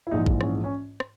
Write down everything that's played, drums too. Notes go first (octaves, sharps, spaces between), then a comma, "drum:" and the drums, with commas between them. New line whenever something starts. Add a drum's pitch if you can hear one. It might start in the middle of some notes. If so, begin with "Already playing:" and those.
E4
A#1 G#2 E3 D#4
drum: kick A1
C#4, drum: rim click
C#4
drum: rim click